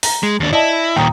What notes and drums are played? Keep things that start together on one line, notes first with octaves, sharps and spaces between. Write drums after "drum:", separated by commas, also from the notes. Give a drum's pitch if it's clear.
A#5, drum: open hi-hat
G#3
D#2 D4
E4 D5 D#5 A5
D#2 A#2 G5 A#5 D#6